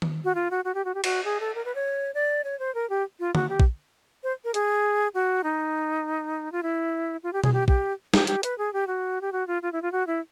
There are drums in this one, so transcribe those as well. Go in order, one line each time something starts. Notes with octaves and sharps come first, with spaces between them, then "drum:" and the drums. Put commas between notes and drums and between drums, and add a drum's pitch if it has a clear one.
drum: tom D#3
F#4
F4
F#4
F#4
G4
F#4
G4
F#4, drum: cymbal
G#4
A4
A#4
B4
C#5
D5
C#5
C5
A#4
G4
F4
F#4, drum: tom
G4
drum: kick
C5
A#4
G#4, drum: hi-hat
F#4
D#4
F4
E4
F4
G4
G#4, drum: tom B2
G4
G4, drum: kick
G4, drum: snare
G4, drum: hi-hat
B4, drum: hi-hat
G#4
G4
F#4
G4
F#4
F4
F4
E4
F4
F#4
E4